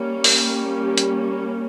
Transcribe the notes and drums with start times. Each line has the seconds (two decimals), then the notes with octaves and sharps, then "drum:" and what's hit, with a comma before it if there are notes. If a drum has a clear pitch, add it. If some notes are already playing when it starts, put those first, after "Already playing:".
Already playing: G3 A#3 C#4
0.24 G4, drum: open hi-hat
0.98 drum: hi-hat